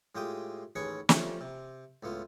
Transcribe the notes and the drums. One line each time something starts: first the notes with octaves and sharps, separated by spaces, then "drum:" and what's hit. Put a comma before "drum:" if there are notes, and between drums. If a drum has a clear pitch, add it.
A2 G#3 F4 G4 G5 D#6
A1 D#2 G#4 B4 C#5 C#6
F3 G3 A3 C#4 D4, drum: snare
C3
C#2 A2 B3 F4